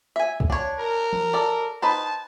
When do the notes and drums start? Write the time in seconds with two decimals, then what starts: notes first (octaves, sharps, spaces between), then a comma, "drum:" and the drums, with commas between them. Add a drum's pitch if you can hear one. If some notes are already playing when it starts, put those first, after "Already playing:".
0.16 E5 G#5
0.40 drum: kick
0.50 D4 C#5
0.79 A#4
1.13 drum: tom E3
1.34 A4 D5
1.82 D#4 B4 C5 A5